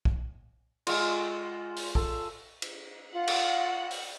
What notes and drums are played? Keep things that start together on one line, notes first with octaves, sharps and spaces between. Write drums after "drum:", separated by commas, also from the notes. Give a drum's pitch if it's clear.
drum: kick B1
G#3 F4, drum: cymbal
drum: open hi-hat
A4, drum: kick B1
drum: cymbal
F4 F#5
drum: cymbal
drum: open hi-hat